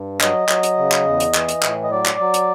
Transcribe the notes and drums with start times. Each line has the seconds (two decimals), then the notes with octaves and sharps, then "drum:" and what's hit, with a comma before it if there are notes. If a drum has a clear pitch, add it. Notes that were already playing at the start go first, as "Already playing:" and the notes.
Already playing: G2
0.21 F#3 D#5, drum: clap
0.49 F#3, drum: clap
0.63 drum: hi-hat
0.78 C#3
0.92 drum: clap
1.06 E2
1.20 drum: hi-hat
1.34 E3, drum: clap
1.49 drum: hi-hat
1.63 A2, drum: clap
1.84 D#5
1.91 F#3 D5
2.05 drum: clap
2.19 F#3
2.34 drum: hi-hat